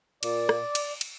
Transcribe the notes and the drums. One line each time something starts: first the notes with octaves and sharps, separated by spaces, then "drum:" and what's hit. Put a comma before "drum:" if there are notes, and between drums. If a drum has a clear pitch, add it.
A#2 D5, drum: cymbal
drum: rim click
drum: cymbal
drum: cymbal